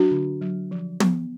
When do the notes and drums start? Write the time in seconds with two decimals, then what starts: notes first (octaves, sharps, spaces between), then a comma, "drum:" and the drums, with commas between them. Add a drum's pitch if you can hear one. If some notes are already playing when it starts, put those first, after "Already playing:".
Already playing: F#3 D4 F#4
0.11 D3
0.41 F#3
0.71 F3
1.00 B3, drum: tom